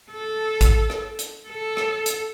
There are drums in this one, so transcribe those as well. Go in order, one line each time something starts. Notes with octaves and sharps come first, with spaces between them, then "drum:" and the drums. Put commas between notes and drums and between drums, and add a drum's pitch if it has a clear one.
A4
drum: kick, hi-hat
drum: rim click
drum: hi-hat
A4
drum: rim click
drum: hi-hat